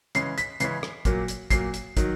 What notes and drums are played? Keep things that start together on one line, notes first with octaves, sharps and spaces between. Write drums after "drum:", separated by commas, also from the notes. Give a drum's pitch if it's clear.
C#3 E3 G#3 C#4 C7, drum: hi-hat
B6, drum: hi-hat
C#3 E3 G#3 C#4 C7, drum: hi-hat
drum: rim click
A#2 F#3 A#3, drum: kick, hi-hat
drum: hi-hat
A#2 F#3 A#3 C7, drum: kick, hi-hat
drum: hi-hat
D#3 F#3, drum: kick, hi-hat